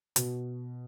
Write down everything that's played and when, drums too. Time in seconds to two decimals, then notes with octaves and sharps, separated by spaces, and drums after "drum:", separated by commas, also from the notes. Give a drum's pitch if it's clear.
0.16 B2, drum: hi-hat